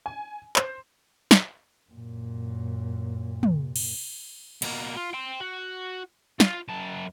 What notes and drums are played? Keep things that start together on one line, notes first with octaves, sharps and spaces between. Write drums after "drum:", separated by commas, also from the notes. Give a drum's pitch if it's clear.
G#5
C5, drum: clap
drum: snare
F#2 A#2
drum: tom
drum: cymbal
B2 A#3, drum: cymbal
F4
G5 C6
F#4
F4, drum: snare
F#2 A5